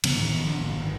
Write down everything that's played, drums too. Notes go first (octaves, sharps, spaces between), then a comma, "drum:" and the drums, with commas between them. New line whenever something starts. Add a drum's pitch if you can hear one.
C#3 F3 B3, drum: cymbal
A2 D#3 E3
D#3 F3 B3
D3 F3 G#3 D4
G#1 A#2 D3
G1 D#3